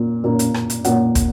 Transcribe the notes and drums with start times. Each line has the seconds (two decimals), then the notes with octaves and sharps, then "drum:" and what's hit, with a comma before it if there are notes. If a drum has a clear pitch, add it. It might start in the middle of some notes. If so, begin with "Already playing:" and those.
Already playing: A#2 A#3
0.24 A#2 A#3
0.39 drum: hi-hat
0.54 drum: rim click
0.70 drum: hi-hat
0.84 A#2 A#3 F#5, drum: hi-hat
1.15 drum: kick, hi-hat